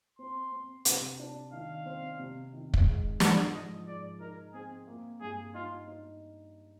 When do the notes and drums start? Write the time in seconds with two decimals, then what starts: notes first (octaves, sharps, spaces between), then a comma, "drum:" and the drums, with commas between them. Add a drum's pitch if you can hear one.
0.19 C4 C6
0.52 C4
0.85 C3, drum: hi-hat
1.20 D4
1.53 D#3 F5
1.86 C4
2.19 C3
2.53 D#3
2.74 drum: kick
2.86 G#2
3.20 F3, drum: snare
3.53 G#2 D#5
3.87 G#2 D5
4.20 D#4 A#4
4.54 C4 G#4
4.87 A#3
5.21 G2 G#4
5.54 D#4 F4
5.88 D#4